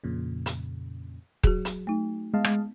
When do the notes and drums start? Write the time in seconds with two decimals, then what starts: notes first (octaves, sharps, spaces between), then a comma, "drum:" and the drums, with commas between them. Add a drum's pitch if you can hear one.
0.04 F2 A#2 C#3
0.46 drum: hi-hat
1.44 F#3 F#4 G#4, drum: kick D#1
1.65 drum: hi-hat
1.87 A3 D#4
2.34 G#3 B3 D#5 F5 A5
2.44 drum: rim click